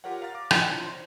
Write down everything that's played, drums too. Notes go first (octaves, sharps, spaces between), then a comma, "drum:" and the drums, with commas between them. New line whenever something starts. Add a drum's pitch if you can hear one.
F4 G4 A#4 C#5 F#5
F5 A#5 F6 A6 A#6
D6
C#7, drum: rim click
D4 E4 F4 C#5 A#5
C5 C6